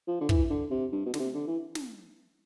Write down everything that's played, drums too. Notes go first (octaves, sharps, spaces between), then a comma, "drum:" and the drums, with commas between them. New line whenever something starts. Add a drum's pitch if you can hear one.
F3
D3
E3, drum: kick
D3
C3
G2
B2
D3, drum: snare
C3
D3
E3
drum: snare